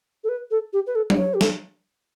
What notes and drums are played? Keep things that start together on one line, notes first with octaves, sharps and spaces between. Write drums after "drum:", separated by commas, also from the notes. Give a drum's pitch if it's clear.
A4
B4
A4
G4
B4
A4
D5, drum: tom F#3
C#5
G4
A4, drum: snare